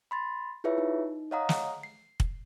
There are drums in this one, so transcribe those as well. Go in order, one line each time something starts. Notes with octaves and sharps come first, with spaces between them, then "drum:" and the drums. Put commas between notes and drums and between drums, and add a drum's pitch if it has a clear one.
B5 C6 A6
E4 F4 G#4 B4 C#5 E5
D#4
C#5 D#5 F5 F#5 A#5 D#6
drum: snare
C7
drum: kick